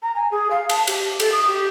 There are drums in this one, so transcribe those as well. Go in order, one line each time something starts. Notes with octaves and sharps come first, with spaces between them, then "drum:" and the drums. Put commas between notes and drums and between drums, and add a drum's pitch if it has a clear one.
A#5
G#5
G#4
F5
A5, drum: cymbal
G4, drum: cymbal
A4, drum: cymbal
D#6
G4